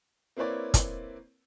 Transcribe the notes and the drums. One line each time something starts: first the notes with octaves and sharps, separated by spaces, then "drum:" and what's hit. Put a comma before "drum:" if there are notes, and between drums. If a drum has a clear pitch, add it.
A#3 C4 E4 B4 C#5 D5
drum: kick, hi-hat